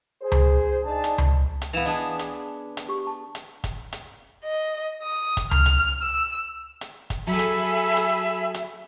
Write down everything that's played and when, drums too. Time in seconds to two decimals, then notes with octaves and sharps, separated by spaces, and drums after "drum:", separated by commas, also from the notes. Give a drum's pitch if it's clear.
0.22 G#4 C5
0.32 drum: tom C#2
0.85 D4 D#4 G#4 D5 A5
1.04 drum: hi-hat
1.18 drum: tom C#2
1.62 drum: hi-hat
1.73 E3 B3 F5 E7 F7
1.85 D4 G#4 D#5 A5
2.19 drum: hi-hat
2.77 drum: hi-hat
2.89 G4 C#6
3.07 A5
3.35 drum: hi-hat
3.64 drum: kick, hi-hat
3.93 drum: hi-hat
4.44 D#5
5.03 D#6
5.37 drum: kick, hi-hat
5.51 F6, drum: tom C#2
5.66 drum: hi-hat
6.03 E6
6.81 drum: hi-hat
7.10 drum: kick, hi-hat
7.27 F#3 G#4 A4 E5 B5
7.39 drum: hi-hat
7.97 drum: hi-hat
8.54 drum: hi-hat